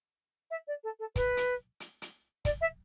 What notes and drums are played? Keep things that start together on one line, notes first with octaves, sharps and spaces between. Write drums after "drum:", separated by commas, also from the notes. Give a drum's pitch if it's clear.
E5
D5
A4
A4
B4, drum: kick, hi-hat
drum: hi-hat
drum: hi-hat
drum: hi-hat
D5, drum: kick, hi-hat
E5